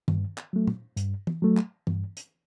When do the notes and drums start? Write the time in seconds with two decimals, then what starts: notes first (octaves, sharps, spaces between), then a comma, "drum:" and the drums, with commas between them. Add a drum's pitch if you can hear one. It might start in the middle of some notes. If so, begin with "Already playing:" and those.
0.08 G2, drum: tom
0.38 drum: clap
0.53 F#3 A3
0.67 drum: tom
0.97 G2, drum: hi-hat
1.27 drum: tom
1.42 F#3 A3
1.57 drum: clap
1.87 G2, drum: tom
2.17 drum: hi-hat